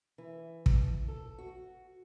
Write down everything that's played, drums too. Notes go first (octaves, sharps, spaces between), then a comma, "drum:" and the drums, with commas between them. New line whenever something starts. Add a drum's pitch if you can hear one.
E3
drum: kick
A4
F#4